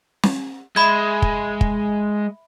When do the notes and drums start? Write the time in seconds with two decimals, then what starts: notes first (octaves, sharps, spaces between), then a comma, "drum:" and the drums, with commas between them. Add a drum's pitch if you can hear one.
0.24 drum: snare
0.76 G#3 E5 B5 G#6
1.22 drum: kick
1.61 drum: kick